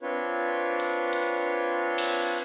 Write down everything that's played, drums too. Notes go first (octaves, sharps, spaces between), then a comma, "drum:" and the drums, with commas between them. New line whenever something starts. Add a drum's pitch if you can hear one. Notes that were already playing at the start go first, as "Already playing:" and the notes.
C4 D4 F4 B4 C#5
drum: hi-hat
drum: hi-hat
drum: cymbal